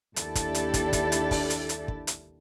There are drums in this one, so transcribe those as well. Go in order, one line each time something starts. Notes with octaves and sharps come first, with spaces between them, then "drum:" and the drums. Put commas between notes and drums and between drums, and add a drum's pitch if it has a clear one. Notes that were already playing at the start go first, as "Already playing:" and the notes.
D#2 D4 E4 G4 A4 D5, drum: hi-hat
drum: kick, hi-hat
drum: hi-hat
drum: kick, hi-hat
drum: kick, hi-hat
drum: hi-hat
drum: kick, open hi-hat
drum: hi-hat
drum: hi-hat
drum: kick
drum: hi-hat